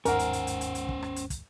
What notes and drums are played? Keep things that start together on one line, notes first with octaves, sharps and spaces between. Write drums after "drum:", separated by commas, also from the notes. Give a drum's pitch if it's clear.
G1 D#2 G#2 C#4 A#4 C5 F#5 G#5, drum: hi-hat
drum: hi-hat
drum: hi-hat
drum: hi-hat
drum: hi-hat
drum: hi-hat
drum: kick
drum: rim click
drum: hi-hat
drum: kick, hi-hat